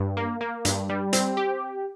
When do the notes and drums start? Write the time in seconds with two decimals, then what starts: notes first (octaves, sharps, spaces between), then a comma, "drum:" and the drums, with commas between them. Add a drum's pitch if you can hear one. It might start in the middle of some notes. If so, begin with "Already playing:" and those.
Already playing: G2
0.17 A#3
0.41 A#3
0.65 G2, drum: hi-hat
0.89 G3
1.13 C4, drum: hi-hat
1.37 G4